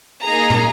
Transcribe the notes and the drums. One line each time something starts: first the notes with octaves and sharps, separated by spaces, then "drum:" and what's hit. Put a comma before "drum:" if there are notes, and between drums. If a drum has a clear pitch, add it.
A#3 D#4 G#4 A#5
drum: tom